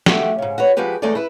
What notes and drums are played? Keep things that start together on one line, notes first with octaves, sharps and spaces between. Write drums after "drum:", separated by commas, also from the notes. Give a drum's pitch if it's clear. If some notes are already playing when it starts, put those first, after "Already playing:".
A3 F#4 G4, drum: snare
G#2 C#3
F#4 B4 C#5
F3 G#3 F#4 G4 B4
E2 G#3 A3 D#4 A4 D5
E4 B4